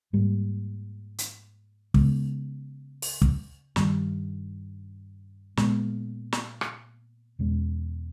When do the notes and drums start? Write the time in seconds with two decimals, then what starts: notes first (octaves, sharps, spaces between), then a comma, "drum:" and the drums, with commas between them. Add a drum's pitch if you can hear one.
0.13 G#2 G3 A#3
1.18 drum: hi-hat
1.94 C#3 G#3 B3, drum: kick
3.02 drum: open hi-hat
3.22 drum: kick
3.76 G2 D#3 G3, drum: snare
5.57 A#2 G#3 B3, drum: snare
6.32 drum: snare
6.61 drum: rim click
7.39 E2 B2 G#3 C#4